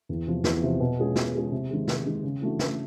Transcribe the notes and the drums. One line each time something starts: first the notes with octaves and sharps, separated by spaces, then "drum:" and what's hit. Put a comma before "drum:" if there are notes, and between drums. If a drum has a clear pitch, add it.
E2
C3 F3
E2, drum: snare
C3 F3
B2
G#3 C#4 F4 G#4
B2, drum: snare
G#3 C#4 F4 G#4
C3
D#3 G#3
C3, drum: snare
D#3 G#3
C#3
E3 A3 D4 F#4
C#3, drum: snare